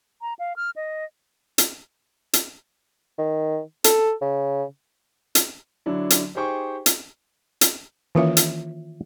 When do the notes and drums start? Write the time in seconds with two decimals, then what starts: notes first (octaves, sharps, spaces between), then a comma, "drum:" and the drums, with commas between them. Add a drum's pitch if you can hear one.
0.22 A#5
0.39 F5
0.56 F6
0.76 D#5
1.58 drum: hi-hat
2.33 drum: hi-hat
3.18 D#3
3.84 A4, drum: hi-hat
4.21 C#3
5.35 drum: hi-hat
5.86 D3 F#3 D4 E4
6.10 drum: hi-hat
6.35 D#4 G4 G#4 C5 G5 C#6
6.86 drum: hi-hat
7.61 drum: hi-hat
8.15 D#3 E3 A#3 C#4 F4 E5
8.37 drum: hi-hat